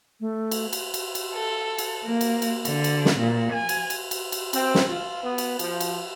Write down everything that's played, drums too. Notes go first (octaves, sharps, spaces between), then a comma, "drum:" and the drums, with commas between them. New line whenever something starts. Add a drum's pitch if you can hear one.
A3
drum: cymbal
drum: cymbal
drum: cymbal
drum: cymbal
A4
drum: cymbal
A#3
drum: cymbal
drum: cymbal
D3, drum: cymbal
drum: cymbal
drum: snare
A#2
G#5
drum: cymbal
drum: cymbal
drum: cymbal
drum: cymbal
C4, drum: cymbal
drum: snare
F4
B3
drum: cymbal
F3, drum: cymbal
drum: cymbal